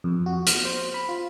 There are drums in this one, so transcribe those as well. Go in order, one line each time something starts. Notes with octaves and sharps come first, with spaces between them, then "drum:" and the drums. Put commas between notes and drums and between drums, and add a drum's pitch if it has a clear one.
F2
F#4
F6, drum: hi-hat
C5
B5
F4